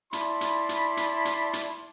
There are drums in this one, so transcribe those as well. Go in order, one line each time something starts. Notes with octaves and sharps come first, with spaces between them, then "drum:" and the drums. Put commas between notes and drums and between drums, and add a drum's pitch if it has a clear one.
E4 D5 A5 B5 C6, drum: hi-hat
drum: hi-hat
drum: hi-hat
drum: hi-hat
drum: hi-hat
drum: hi-hat